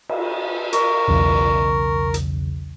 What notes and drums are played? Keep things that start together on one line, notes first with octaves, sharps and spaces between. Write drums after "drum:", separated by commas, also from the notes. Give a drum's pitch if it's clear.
drum: cymbal
A#4 C#6, drum: hi-hat
B1 E2 C#3
drum: hi-hat